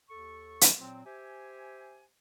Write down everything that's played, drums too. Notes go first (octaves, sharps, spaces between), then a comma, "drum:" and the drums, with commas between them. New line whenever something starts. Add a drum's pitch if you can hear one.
D#2 A4 C#6
drum: hi-hat
A#2 F#3 C4
G4 C5 E5 G#5